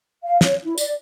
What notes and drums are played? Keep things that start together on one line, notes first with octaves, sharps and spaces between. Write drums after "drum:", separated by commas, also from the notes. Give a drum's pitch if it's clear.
F5
C#5, drum: snare
E4
D5, drum: tambourine